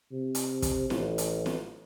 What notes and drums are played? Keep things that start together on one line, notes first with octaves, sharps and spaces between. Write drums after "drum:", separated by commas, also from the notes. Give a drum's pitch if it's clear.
C3
drum: hi-hat
drum: kick, hi-hat
A1, drum: snare
drum: hi-hat
drum: snare